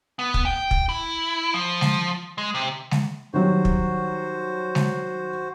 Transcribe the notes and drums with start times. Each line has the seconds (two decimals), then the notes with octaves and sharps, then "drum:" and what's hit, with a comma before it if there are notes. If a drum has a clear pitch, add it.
0.19 B3
0.34 drum: kick
0.45 G5
0.71 drum: kick
0.89 E4
1.54 F3
1.81 drum: snare G#3
2.38 G#3
2.55 C3
2.91 drum: snare G#3
3.34 D#3 F#3 G3 F#4 C5
3.65 drum: kick
4.75 drum: snare G#3